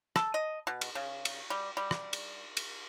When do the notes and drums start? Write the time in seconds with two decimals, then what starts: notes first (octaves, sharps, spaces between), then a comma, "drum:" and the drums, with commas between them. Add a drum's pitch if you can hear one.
0.16 A4, drum: rim click
0.34 D#5
0.67 B2
0.81 drum: cymbal
0.95 C#3
1.25 drum: cymbal
1.50 G3
1.77 G3
1.91 drum: rim click
2.13 drum: cymbal
2.57 drum: cymbal